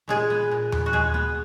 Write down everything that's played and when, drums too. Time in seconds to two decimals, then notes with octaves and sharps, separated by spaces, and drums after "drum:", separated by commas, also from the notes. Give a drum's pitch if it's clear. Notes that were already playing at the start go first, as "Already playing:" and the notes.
0.08 A#2 G#3 G#4
0.30 B3
0.51 A#2
0.72 B3, drum: tom D#2
0.86 F#4
0.93 G#3 B3 G#4
1.14 B3